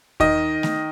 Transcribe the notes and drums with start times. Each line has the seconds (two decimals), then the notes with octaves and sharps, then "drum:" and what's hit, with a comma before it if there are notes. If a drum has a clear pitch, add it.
0.20 D#3 D#5, drum: kick D#2
0.63 drum: snare A3